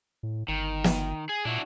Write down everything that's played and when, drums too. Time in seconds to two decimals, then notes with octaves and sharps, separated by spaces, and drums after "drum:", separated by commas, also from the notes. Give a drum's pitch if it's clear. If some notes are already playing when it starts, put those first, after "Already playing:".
0.23 A2
0.48 G1 D#3
0.84 drum: snare
1.29 G#4
1.45 A#2 D4 E4 F#4